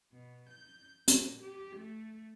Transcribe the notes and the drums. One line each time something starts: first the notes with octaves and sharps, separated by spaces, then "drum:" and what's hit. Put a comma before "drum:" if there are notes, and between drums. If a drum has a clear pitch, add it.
B2
G6
A#2, drum: hi-hat
G4
A3